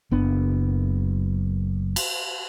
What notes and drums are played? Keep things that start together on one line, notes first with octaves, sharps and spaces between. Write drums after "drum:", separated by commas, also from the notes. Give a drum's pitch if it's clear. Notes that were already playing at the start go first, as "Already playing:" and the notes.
F#1 B3 D4
drum: cymbal